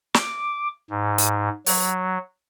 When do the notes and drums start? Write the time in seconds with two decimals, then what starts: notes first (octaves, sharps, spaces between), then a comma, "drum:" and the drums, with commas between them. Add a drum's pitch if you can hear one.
0.14 D6, drum: snare
0.90 G#2
1.18 drum: hi-hat
1.66 F#3, drum: open hi-hat